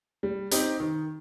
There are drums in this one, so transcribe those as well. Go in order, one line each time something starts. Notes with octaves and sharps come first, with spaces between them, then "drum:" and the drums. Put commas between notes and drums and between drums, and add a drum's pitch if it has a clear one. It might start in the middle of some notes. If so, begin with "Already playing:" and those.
G3
C4 D#4 G4, drum: hi-hat
D#3